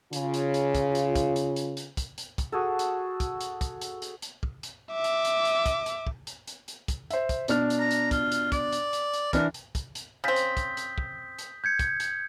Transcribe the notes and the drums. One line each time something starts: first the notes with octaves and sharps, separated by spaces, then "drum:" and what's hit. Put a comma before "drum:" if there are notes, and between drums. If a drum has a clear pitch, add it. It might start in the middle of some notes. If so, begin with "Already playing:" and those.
C#3 F4, drum: hi-hat
drum: hi-hat
drum: hi-hat
drum: kick, hi-hat
drum: hi-hat
drum: kick, hi-hat
drum: hi-hat
drum: hi-hat
drum: hi-hat
drum: kick, hi-hat
drum: hi-hat
drum: kick, hi-hat
F#4 G#4 A4
drum: hi-hat
drum: kick, hi-hat
drum: hi-hat
drum: kick, hi-hat
drum: hi-hat
drum: hi-hat
drum: hi-hat
drum: kick
drum: hi-hat
E5 D6
drum: hi-hat
drum: hi-hat
drum: hi-hat
drum: kick, hi-hat
drum: hi-hat
drum: kick
drum: hi-hat
drum: hi-hat
drum: hi-hat
drum: kick, hi-hat
C5 E5, drum: hi-hat
drum: kick, hi-hat
B2 D4 F6, drum: hi-hat
drum: hi-hat
A#5
drum: hi-hat
F4, drum: kick, hi-hat
drum: hi-hat
D5, drum: kick, hi-hat
drum: hi-hat
drum: hi-hat
drum: hi-hat
E3 D4 A#4, drum: kick, hi-hat
drum: hi-hat
drum: kick, hi-hat
drum: hi-hat
C#3 C4 D#6 G6 B6
drum: hi-hat
drum: kick, hi-hat
drum: hi-hat
drum: kick
drum: hi-hat
G6 G#6 C#7
drum: kick, hi-hat
drum: hi-hat